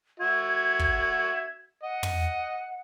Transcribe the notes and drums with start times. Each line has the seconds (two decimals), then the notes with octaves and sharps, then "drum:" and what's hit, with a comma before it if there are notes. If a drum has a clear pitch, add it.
0.20 F#4 E5 G#6
0.79 drum: kick
1.83 D#5 F#5
2.03 drum: tom